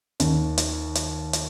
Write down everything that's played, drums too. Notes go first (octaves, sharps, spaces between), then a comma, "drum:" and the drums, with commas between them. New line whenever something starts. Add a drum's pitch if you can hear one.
D#2, drum: hi-hat
drum: hi-hat
drum: hi-hat
drum: hi-hat